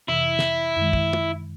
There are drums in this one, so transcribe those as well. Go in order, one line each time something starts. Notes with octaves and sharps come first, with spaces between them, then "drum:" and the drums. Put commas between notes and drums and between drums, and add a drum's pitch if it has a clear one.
F2 C3 E3 E4
drum: snare
F#2 D#3 G#3
drum: kick
drum: tom